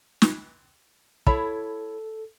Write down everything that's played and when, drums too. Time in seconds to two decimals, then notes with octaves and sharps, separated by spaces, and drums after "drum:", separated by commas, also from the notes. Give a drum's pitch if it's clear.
0.22 drum: snare
1.27 E4 A4 C#5 B5, drum: kick